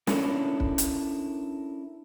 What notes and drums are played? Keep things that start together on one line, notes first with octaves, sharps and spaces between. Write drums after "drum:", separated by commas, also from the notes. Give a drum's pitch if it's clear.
C#4 D4 E4 A4 A#4 C#5, drum: snare
drum: kick
drum: hi-hat